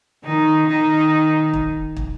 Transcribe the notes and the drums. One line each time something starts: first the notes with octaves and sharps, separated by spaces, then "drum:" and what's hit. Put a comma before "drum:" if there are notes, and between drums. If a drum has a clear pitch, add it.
D#3 D#4
D#3 D#4
drum: kick
drum: kick